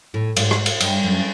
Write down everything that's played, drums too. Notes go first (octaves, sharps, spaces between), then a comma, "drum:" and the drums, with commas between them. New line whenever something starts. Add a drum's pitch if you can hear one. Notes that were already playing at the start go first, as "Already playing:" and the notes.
A2
G#2, drum: cymbal
drum: rim click
drum: cymbal
G2, drum: cymbal
F#2